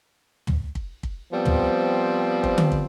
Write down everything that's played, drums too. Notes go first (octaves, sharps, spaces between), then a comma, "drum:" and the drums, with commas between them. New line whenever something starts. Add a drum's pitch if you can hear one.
drum: tom
drum: kick
drum: kick
F3 G3 B3 C4
drum: tom
drum: kick
drum: tom D3
drum: kick